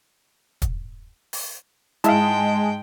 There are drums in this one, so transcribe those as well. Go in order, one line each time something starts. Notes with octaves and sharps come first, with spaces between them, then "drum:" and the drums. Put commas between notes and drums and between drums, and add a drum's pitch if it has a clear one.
drum: kick, hi-hat
drum: open hi-hat
G#2 G#3 E4 E5 F5 G5 A5, drum: hi-hat